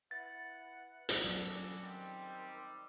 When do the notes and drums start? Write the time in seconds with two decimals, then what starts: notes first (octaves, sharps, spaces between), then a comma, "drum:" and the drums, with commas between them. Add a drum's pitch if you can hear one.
0.11 E4 B4 F#5 A6
1.09 drum: hi-hat
1.24 F#3 G3 C#4 D4 F#4 G#4 A4
1.81 D#3 G3 C4 G4